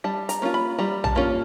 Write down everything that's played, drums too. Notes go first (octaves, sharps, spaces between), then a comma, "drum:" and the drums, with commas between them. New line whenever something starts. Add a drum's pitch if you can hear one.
G3 A5
A#5, drum: hi-hat
A#3 C#4 F4
B5
G3 A#5
A5, drum: tom A#1
A#3 C#4 F4